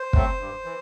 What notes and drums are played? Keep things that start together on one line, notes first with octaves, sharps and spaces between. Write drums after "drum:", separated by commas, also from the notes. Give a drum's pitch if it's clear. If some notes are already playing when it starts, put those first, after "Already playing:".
Already playing: C5
F#3 A3 C4, drum: kick
G2
E3